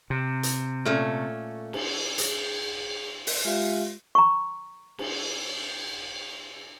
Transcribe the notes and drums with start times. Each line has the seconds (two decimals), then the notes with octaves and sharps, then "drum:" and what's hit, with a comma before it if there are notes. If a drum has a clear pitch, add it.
0.10 C3
0.43 drum: hi-hat
0.85 A#2 A3 C#4
1.73 drum: cymbal
2.18 G#4, drum: hi-hat
3.27 drum: open hi-hat
3.45 G#3 F4 G4 E5 F5
4.15 A#5 C#6
4.98 drum: cymbal